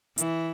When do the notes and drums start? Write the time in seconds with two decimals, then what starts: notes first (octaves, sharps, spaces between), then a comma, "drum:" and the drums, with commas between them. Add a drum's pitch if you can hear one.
0.18 E3, drum: hi-hat